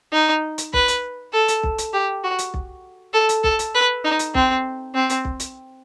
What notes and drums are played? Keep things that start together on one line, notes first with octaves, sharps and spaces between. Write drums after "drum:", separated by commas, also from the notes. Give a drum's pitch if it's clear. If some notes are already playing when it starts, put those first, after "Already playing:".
D#4
drum: hi-hat
B4, drum: kick B1
drum: hi-hat
A4
drum: hi-hat
drum: kick B1
drum: hi-hat
G4
F#4
drum: hi-hat
drum: kick B1
A4
drum: hi-hat
A4, drum: kick B1
drum: hi-hat
B4
D#4
drum: hi-hat
C4, drum: kick B1
C4
drum: hi-hat
drum: kick B1
drum: hi-hat